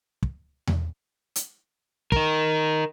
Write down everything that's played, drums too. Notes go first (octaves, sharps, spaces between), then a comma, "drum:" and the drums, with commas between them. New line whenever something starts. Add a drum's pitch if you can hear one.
drum: kick
drum: tom E2
drum: hi-hat
D#4 A#4, drum: kick